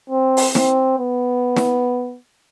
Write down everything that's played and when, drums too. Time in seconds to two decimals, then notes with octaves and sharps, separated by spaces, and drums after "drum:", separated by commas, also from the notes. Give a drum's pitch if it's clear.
0.10 C4
0.37 drum: open hi-hat
0.55 C4, drum: snare
0.99 B3
1.56 drum: snare